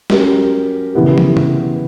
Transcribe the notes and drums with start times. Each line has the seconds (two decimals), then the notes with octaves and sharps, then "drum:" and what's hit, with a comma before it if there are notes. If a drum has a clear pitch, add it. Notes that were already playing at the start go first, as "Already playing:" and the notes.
0.10 F#3 C#4 G4 A#4, drum: snare
0.94 C#3 E3 B3 E4 G4
1.18 drum: tom
1.37 drum: tom